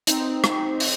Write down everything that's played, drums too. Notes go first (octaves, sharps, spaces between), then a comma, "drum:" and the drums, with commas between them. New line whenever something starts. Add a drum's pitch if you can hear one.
C4 D#4, drum: hi-hat
drum: rim click
drum: open hi-hat